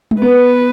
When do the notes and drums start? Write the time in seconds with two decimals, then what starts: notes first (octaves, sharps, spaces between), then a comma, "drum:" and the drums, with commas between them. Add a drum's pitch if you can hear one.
0.11 drum: tom G#3
0.22 B3 B4